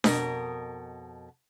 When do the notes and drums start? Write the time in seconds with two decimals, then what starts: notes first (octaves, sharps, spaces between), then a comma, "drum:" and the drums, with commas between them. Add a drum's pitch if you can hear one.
0.04 F2 B2 A#4, drum: snare D4